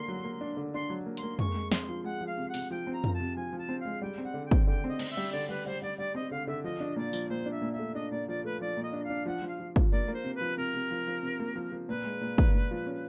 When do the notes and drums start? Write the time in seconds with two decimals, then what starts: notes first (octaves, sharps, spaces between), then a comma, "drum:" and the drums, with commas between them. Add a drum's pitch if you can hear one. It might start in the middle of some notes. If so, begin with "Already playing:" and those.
Already playing: D3 A#3 C6
0.08 F#3
0.24 A#3
0.41 D4
0.57 D3
0.74 D4 C6
0.90 F#3
1.06 A#3
1.17 C6, drum: hi-hat
1.23 A#3
1.39 G#3 C#6, drum: tom F2
1.55 G#3
1.72 C4 C6, drum: snare
1.89 F3
2.04 G#3 F#5
2.21 F3
2.27 F5
2.37 C3
2.49 F#5
2.54 C3, drum: open hi-hat
2.70 F3 G5
2.87 C4
2.93 A#5
3.04 F3, drum: tom F2
3.14 A5
3.20 C3
3.36 F3 G#5
3.53 F3
3.59 A5
3.69 C4
3.80 F5
3.85 G#3
4.02 G3 G5
4.18 C4
4.24 F#5
4.34 D3
4.46 G5
4.51 C4, drum: kick
4.67 D3 G5
4.84 C4 D#5
4.99 C4, drum: cymbal
5.10 E5
5.17 G3
5.32 D3 D5
5.49 G3 B4
5.66 G3 C5
5.82 G3 D5
5.98 G3 D5
6.15 C4 D#5
6.31 D3 F5
6.47 D3 E5
6.64 F3 D#5
6.80 D4
6.96 A#2 D5
7.13 F3, drum: tambourine
7.29 A#2 C5
7.46 D4
7.51 E5
7.62 A#2
7.73 E5
7.79 A3
7.95 D4 D#5
8.11 A#2 D5
8.28 F3 D5
8.44 A3 B4
8.60 F3 D5
8.77 A#2
8.83 D#5
8.93 D4
9.04 F5
9.10 D4
9.26 F3 F#5
9.42 F3
9.48 F5
9.60 F3
9.76 F3, drum: kick
9.91 A#3 D5
10.08 A#3
10.13 C5
10.24 C3
10.35 B4
10.41 F3
10.57 C3 A#4
10.74 C3
10.91 F3
11.07 F3
11.23 C3
11.40 A#3
11.56 F3
11.72 F3
11.89 A#2 B4
12.04 G#3
12.21 A#2
12.38 A#2, drum: kick
12.55 A#2
12.71 F3
12.86 C#4